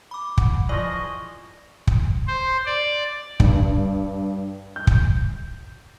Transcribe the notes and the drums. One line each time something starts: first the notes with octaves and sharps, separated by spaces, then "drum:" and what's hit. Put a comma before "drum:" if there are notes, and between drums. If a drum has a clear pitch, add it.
B5 D6
F#5, drum: kick
E3 F3 G#4 D5 D#5 C#6
drum: kick
C5
D5
G2, drum: kick
G6
drum: kick